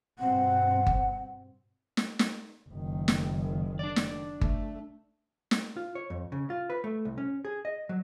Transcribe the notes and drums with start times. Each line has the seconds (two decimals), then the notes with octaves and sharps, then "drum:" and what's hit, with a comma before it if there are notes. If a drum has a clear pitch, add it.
0.19 G2 B2 C4 F#5
0.87 drum: kick G1
1.97 drum: snare
2.19 drum: snare
2.69 F#1 D#3
3.08 drum: snare
3.79 D4 D5
3.96 drum: snare
4.41 A3, drum: kick G1
5.51 drum: snare
5.77 F4
5.95 C#5
6.10 F2
6.32 C#3
6.50 F4
6.70 B4
6.84 A3
7.05 C2
7.18 C#4
7.45 G#4
7.65 D#5
7.89 F#3